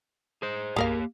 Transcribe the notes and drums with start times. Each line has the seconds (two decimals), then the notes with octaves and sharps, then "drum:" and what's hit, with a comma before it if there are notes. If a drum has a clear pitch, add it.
0.42 G#4 C5
0.76 A#3 G4 G#4 A#4 F5, drum: tom F#2